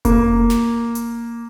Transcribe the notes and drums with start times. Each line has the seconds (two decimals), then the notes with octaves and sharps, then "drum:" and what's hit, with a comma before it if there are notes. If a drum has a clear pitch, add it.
0.05 A#3, drum: kick F1, hi-hat
0.50 drum: snare
0.95 drum: hi-hat